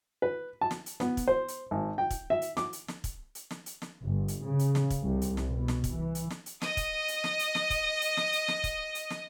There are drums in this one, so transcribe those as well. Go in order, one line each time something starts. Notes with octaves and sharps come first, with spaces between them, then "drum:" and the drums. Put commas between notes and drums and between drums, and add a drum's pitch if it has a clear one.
B4
A5
drum: snare
drum: hi-hat
B3, drum: snare
drum: kick, hi-hat
C5
drum: hi-hat
G#1
G5
drum: kick, hi-hat
E5
drum: hi-hat
D6, drum: snare
drum: hi-hat
drum: snare
drum: kick, hi-hat
drum: hi-hat
drum: snare
drum: hi-hat
drum: snare
G1
drum: hi-hat
C#3
drum: hi-hat
drum: snare
drum: kick, hi-hat
C2
drum: hi-hat
drum: snare
B2
drum: snare
drum: kick, hi-hat
E3
drum: hi-hat
drum: snare
drum: hi-hat
D#5 D#6, drum: snare
drum: kick, hi-hat
drum: hi-hat
drum: snare
drum: hi-hat
drum: snare
drum: kick, hi-hat
drum: hi-hat
drum: snare
drum: hi-hat
drum: snare
drum: kick, hi-hat
drum: hi-hat
drum: snare